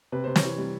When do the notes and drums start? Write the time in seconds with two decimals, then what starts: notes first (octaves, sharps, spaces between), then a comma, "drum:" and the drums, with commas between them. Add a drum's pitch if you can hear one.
0.12 C3 B4
0.24 C3 C5
0.36 C#5, drum: snare
0.43 E3
0.58 G3